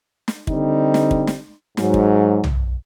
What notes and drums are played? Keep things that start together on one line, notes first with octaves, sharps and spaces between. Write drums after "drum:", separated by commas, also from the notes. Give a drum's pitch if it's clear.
drum: snare
D3 G3 C4 D#4, drum: kick
drum: snare
drum: kick
drum: snare
G#2 F#3, drum: snare
drum: kick
drum: tom B1